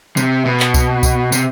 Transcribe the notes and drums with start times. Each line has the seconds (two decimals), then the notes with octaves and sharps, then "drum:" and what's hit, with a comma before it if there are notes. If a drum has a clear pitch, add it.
0.17 C3, drum: tambourine
0.45 B2
0.60 drum: clap
0.74 drum: kick C2, tambourine
1.03 drum: kick C2, tambourine
1.32 C3, drum: tambourine